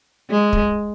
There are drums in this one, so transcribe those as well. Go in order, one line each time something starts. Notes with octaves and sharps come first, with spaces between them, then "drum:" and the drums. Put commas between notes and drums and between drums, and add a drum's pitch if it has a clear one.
G#3
drum: kick